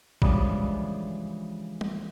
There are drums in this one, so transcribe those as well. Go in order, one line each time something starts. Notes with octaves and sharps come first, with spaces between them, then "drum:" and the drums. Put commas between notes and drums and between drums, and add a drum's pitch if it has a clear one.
C#3 E3 F3 G3 G#3 D4, drum: kick
drum: tom